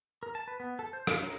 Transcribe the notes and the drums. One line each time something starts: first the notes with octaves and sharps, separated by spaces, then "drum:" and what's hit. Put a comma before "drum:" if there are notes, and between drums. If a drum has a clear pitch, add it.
A#4
A5
B4
B3
A4
C5
F5, drum: rim click
A#4